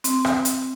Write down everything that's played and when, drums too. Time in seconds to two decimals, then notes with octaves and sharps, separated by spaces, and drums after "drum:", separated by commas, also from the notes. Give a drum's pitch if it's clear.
0.04 C4, drum: hi-hat
0.25 drum: rim click
0.45 drum: hi-hat